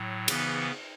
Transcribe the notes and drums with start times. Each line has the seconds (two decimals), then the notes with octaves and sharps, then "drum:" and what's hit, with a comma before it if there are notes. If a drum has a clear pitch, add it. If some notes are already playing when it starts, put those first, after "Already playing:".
Already playing: A2 F#3
0.28 C#3 E3 B3, drum: cymbal